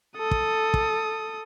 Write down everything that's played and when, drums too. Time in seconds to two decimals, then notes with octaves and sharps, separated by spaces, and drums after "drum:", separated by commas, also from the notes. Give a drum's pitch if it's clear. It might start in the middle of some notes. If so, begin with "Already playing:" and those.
0.17 A4 D#6
0.31 drum: kick
0.74 drum: kick